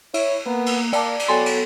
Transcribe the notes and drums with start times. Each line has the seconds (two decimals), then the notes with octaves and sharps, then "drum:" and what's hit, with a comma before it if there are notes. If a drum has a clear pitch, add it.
0.14 E4 C#5, drum: cymbal
0.46 A#3 B3 A#5
0.66 drum: cymbal
0.93 A#3 D5 G5 A5, drum: cymbal
1.19 drum: cymbal
1.28 F#3 B3 A4 G5 G#5 C6
1.46 drum: cymbal